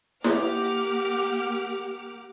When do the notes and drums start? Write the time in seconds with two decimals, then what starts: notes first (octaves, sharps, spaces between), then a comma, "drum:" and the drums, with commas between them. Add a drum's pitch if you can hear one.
0.24 A#3 G4 F#5 D6 F6, drum: snare E4